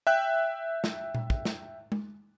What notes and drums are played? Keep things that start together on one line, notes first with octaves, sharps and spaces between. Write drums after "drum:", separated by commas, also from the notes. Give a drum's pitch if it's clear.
E5 G5 F#6
drum: snare
drum: tom A#2
drum: kick
drum: snare
drum: tom G#3